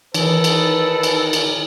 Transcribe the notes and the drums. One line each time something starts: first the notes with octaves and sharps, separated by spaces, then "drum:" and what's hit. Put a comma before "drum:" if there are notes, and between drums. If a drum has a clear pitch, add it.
D#3 E3 A4 B4, drum: cymbal
drum: cymbal
drum: cymbal
drum: cymbal